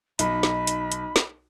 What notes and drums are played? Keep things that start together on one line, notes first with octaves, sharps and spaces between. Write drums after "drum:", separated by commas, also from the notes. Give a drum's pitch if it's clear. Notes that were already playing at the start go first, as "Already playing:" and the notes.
B1 D#4 B5, drum: hi-hat
drum: snare
drum: hi-hat
drum: hi-hat
drum: snare